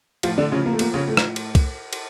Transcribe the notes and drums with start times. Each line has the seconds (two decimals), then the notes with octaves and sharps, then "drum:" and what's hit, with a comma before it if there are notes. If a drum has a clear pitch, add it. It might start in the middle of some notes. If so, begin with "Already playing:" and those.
0.23 A2 F3 F4, drum: cymbal
0.38 D3 D4
0.51 C#3 F3 C#4
0.66 A#3
0.73 A3
0.79 F3 A#3, drum: cymbal
0.94 C#3 C#4
1.07 A2 A3
1.17 drum: rim click
1.36 drum: cymbal
1.55 drum: kick, cymbal
1.93 drum: cymbal